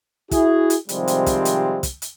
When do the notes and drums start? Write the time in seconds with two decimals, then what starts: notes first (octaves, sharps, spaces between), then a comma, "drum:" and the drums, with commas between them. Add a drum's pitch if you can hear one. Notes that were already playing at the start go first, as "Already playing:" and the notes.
0.31 E4 F#4 G#4, drum: kick, hi-hat
0.70 drum: hi-hat
0.89 C3 D#3 F3 G3 G#3 C4, drum: hi-hat
1.08 drum: hi-hat
1.26 drum: kick, hi-hat
1.45 drum: hi-hat
1.83 drum: kick, hi-hat
2.02 drum: hi-hat